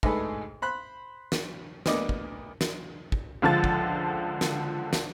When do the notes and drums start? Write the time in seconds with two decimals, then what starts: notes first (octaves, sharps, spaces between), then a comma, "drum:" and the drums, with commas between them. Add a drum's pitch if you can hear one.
0.03 D2 G#2 D#4 G#4 A4 B4, drum: kick
0.62 C5 B5 F#6
1.32 drum: snare
1.86 D2 A#3 B3 D4 D#5 D6, drum: snare
2.09 drum: kick
2.61 drum: snare
3.12 drum: kick
3.42 C#2 D3 F3 A5 A6
3.64 drum: kick
4.41 drum: snare
4.93 drum: snare